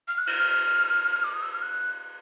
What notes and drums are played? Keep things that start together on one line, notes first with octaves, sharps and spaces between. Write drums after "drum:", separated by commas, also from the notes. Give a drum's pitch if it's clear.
F6
F#6
F6, drum: cymbal
D6
D#6
E6
F6
F#6